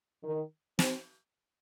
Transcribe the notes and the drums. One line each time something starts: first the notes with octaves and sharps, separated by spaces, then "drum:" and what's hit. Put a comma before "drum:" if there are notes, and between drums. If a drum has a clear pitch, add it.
D#3
C4, drum: snare